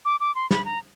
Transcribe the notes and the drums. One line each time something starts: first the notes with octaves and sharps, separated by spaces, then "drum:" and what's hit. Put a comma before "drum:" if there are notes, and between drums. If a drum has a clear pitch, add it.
D6
D6
C6
B5, drum: snare
A#5